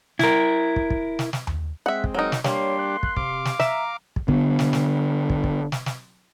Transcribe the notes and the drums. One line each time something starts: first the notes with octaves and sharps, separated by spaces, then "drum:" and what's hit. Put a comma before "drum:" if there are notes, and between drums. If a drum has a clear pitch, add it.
E4 A#4, drum: snare
drum: kick
drum: kick
drum: snare
drum: snare
drum: tom D#2
G#3 C4 E5 F#5
drum: kick
F#3 D#4 A#4
drum: snare
G3 A#3 D4 G4 C#5 C6, drum: snare
F#6
drum: kick
C3 F5 D6, drum: kick
drum: snare
E5 A#5, drum: snare
drum: kick
D3 B3, drum: kick
drum: snare
drum: snare
drum: kick
drum: kick
drum: snare
drum: snare